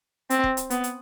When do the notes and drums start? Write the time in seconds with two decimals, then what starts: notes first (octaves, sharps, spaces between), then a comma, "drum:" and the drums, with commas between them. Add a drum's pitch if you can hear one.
0.30 C4, drum: hi-hat
0.44 drum: kick
0.57 drum: hi-hat
0.70 B3, drum: hi-hat
0.84 drum: hi-hat